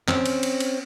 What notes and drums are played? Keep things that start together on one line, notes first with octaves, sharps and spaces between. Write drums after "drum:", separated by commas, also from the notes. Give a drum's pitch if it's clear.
C4 C#4, drum: clap
drum: cymbal
drum: cymbal
drum: cymbal